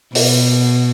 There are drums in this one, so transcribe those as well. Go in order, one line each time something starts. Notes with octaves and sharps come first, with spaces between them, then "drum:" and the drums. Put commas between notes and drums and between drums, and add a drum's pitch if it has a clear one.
B2, drum: open hi-hat